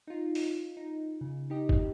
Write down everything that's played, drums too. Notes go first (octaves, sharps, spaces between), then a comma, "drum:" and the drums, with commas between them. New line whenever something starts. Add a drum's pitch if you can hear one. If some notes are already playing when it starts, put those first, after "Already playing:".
D#4 F4
drum: open hi-hat
D#4
C#3
D#4 G4 D#5
drum: kick